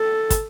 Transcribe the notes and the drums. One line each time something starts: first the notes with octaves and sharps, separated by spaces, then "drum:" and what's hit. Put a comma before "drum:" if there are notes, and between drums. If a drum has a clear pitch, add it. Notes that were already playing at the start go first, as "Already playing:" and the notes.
Already playing: A4
drum: kick, hi-hat